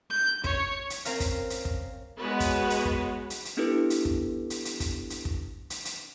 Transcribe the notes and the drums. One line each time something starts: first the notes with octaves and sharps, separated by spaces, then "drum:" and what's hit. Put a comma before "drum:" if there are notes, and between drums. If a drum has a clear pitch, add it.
G6
C#5, drum: kick
drum: hi-hat
C4 C#4 A#4 C#5 F5, drum: hi-hat
drum: kick, hi-hat
drum: hi-hat
drum: kick
G#3 B3 F#4 B4 C#5
drum: kick, hi-hat
drum: hi-hat
drum: kick
drum: hi-hat
drum: hi-hat
B3 D4 E4 G4 A4 B4
drum: hi-hat
drum: kick
drum: hi-hat
drum: hi-hat
drum: kick, hi-hat
drum: hi-hat
drum: kick
drum: hi-hat
drum: hi-hat